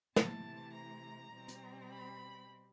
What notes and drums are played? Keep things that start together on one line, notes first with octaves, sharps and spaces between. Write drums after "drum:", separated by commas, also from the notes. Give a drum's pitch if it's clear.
C3 E3 A3 C4 A5, drum: snare
A#5
B2 G3 C4
drum: hi-hat
B5